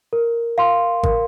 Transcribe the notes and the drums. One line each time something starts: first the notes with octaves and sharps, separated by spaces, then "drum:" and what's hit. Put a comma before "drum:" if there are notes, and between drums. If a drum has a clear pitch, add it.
A#4
F5 C6
A#4, drum: kick G#1